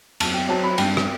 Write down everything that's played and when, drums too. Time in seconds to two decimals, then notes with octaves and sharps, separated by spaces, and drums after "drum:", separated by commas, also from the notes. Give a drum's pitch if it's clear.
0.20 F#2 A5, drum: cymbal
0.34 G5
0.49 F#3 C4 A5
0.64 B5
0.78 G2 G5, drum: cymbal
0.97 drum: rim click